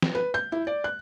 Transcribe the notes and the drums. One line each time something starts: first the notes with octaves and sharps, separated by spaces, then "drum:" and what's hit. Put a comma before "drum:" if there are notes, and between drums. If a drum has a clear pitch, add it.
drum: snare
B4
G6
E4
D5
F#6